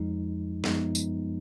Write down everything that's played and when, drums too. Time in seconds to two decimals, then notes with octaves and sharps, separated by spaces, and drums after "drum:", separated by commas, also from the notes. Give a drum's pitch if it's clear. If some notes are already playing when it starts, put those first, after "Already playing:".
Already playing: F2 F3 G#3 D#4
0.64 F#2 F3 G#3 B3 D#4, drum: snare
0.95 drum: tambourine